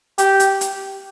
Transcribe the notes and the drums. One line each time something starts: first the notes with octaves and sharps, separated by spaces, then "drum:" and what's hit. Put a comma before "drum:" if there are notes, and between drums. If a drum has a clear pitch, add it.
G4, drum: hi-hat
drum: hi-hat
drum: hi-hat